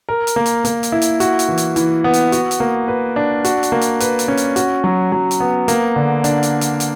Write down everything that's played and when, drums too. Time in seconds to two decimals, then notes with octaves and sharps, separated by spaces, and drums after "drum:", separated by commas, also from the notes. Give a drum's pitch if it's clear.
0.09 A#4
0.27 drum: hi-hat
0.36 A#3
0.46 drum: hi-hat
0.65 A#3, drum: hi-hat
0.83 drum: hi-hat
0.92 E4
1.02 drum: hi-hat
1.20 F#4, drum: hi-hat
1.39 drum: hi-hat
1.48 E3
1.58 drum: hi-hat
1.76 E3, drum: hi-hat
2.04 B3
2.14 drum: hi-hat
2.32 F#4, drum: hi-hat
2.51 drum: hi-hat
2.60 A#3
2.88 B4
3.16 D4
3.45 F#4, drum: hi-hat
3.63 drum: hi-hat
3.72 A#3
3.81 drum: hi-hat
4.00 B4, drum: hi-hat
4.19 drum: hi-hat
4.28 C#4
4.37 drum: hi-hat
4.56 F#4, drum: hi-hat
4.84 F#3
5.12 F#3
5.31 drum: hi-hat
5.40 B3
5.68 A#3, drum: hi-hat
5.96 D3
6.24 D4, drum: hi-hat
6.43 drum: hi-hat
6.61 drum: hi-hat
6.80 drum: hi-hat